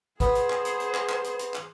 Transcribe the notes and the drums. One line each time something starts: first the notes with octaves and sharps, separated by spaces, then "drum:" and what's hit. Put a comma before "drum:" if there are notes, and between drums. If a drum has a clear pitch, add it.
B3 G#4 C5, drum: kick, hi-hat
drum: hi-hat
drum: clap
drum: hi-hat
drum: hi-hat
drum: clap
drum: clap
drum: hi-hat
drum: hi-hat
drum: clap